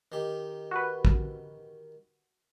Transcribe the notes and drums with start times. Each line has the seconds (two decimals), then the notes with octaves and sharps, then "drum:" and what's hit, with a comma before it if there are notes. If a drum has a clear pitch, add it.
0.12 D#3 G4
0.71 F#4 B4
1.05 drum: kick